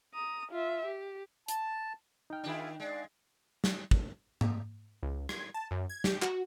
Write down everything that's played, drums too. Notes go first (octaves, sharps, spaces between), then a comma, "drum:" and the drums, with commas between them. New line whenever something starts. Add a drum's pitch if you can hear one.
A#5 D#6
F4 E5
G4
A5, drum: hi-hat
D#4 G5 F6
D#3 D4 E4 F4 G#4
G#3 D5 F5
drum: snare
drum: kick
drum: tom G#2
C#2
G#6, drum: rim click
A5
F#2
G#6
G4, drum: snare
F#4, drum: clap